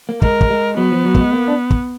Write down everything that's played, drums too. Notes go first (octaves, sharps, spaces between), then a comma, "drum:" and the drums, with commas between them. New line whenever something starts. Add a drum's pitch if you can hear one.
A#3
G#3 A#4, drum: kick
drum: kick
G#3
F#3 B3
F3
F#3
A#3, drum: kick
G#3
A#3
D4
drum: kick